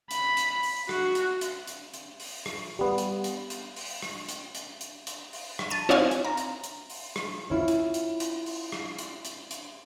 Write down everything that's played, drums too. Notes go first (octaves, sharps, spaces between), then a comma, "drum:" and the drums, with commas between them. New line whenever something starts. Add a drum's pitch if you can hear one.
B5, drum: hi-hat
drum: hi-hat
drum: open hi-hat
F#4, drum: rim click
drum: hi-hat
drum: hi-hat
drum: hi-hat
drum: hi-hat
drum: open hi-hat
drum: rim click
G3 B3
drum: hi-hat
drum: hi-hat
drum: hi-hat
drum: open hi-hat
drum: rim click
drum: hi-hat
drum: hi-hat
drum: hi-hat
drum: hi-hat
drum: open hi-hat
drum: rim click
A5 D#7
C4 D#4 C#5 F5 G#5
drum: hi-hat
A#5
drum: hi-hat
drum: hi-hat
drum: open hi-hat
drum: rim click
C#4 E4 F4
drum: hi-hat
drum: hi-hat
drum: hi-hat
drum: open hi-hat
drum: rim click
drum: hi-hat
drum: hi-hat
drum: hi-hat